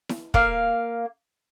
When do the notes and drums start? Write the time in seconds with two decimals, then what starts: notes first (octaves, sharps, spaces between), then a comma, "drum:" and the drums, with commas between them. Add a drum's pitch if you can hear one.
0.09 drum: snare E4
0.34 A#3 F5, drum: kick